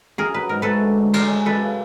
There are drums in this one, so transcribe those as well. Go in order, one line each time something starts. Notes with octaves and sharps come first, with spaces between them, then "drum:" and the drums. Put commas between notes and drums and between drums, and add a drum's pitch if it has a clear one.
F#2 G#4 A#4
F#3 B4
G#2 A#4
A3 A4 B4
D3
D3
G#3 A#4 C5, drum: cymbal
G#3
F#2 A4 B4
C#3